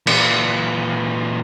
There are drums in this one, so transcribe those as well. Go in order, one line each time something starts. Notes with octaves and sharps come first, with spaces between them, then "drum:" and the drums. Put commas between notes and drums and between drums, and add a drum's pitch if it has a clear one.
A#2 E3, drum: cymbal